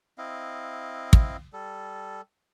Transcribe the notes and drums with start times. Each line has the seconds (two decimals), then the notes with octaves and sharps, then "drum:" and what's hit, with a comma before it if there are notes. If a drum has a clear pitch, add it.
0.18 C4 E4 D#5 F5
1.13 drum: kick
1.53 G3 A4